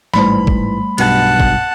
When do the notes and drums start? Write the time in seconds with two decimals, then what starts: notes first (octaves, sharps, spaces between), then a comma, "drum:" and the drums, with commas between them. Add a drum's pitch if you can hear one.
0.14 A1 G#2 E3 G3 A3 B5 C6, drum: snare
0.47 drum: kick
0.98 B1 G2 B2 F#5 A5, drum: cymbal
1.40 drum: kick